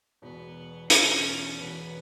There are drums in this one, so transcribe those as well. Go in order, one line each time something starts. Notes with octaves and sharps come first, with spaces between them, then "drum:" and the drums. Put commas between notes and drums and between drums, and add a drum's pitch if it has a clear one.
E1 E2 B2 B3
E1 E2 B2 C#4, drum: hi-hat
E1 E2 B2 B3